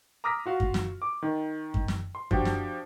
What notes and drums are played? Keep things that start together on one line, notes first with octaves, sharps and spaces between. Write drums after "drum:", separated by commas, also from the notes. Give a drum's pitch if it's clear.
A#5 D6 D#6 F6 A#6 B6
F4 F#4 F5
drum: kick F#2
drum: snare
D6
D#3
drum: kick F#2
drum: snare
C6
F3 D4 F#4 G4, drum: kick F#2
drum: snare